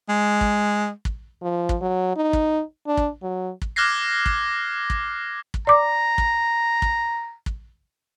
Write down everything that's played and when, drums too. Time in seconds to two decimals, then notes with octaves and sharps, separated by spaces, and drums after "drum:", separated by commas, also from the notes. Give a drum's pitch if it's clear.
0.09 G#3
0.41 drum: kick
1.05 drum: kick
1.42 F3
1.69 drum: kick
1.81 F#3
2.16 D#4
2.33 drum: kick
2.87 D4
2.97 drum: kick
3.23 F#3
3.61 drum: kick
3.76 D6 F6 F#6 G#6 A#6 C7
4.26 drum: kick
4.90 drum: kick
5.54 drum: kick
5.67 D5 A#5 D6
6.18 drum: kick
6.82 drum: kick
7.46 drum: kick